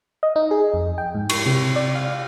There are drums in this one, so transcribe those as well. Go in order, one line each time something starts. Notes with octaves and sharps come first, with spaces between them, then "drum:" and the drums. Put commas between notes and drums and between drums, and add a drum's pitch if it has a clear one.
D#5
D#4
G#4
F2
G5
G#2
C#6, drum: cymbal
C3
D5
F5